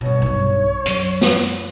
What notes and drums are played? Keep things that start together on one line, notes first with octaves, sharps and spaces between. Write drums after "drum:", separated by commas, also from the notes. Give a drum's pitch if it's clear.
G2 B2 C#5
B1 G2
F#2 F#3, drum: hi-hat
drum: snare